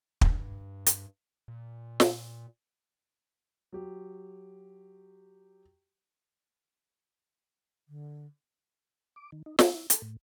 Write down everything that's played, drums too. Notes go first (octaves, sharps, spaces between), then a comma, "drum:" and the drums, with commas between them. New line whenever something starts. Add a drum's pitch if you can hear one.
G2, drum: kick
drum: hi-hat
A#2
drum: snare
F#3 G4
D3
D6
D#3
D#4
G#5, drum: snare
E4
A4, drum: hi-hat
A2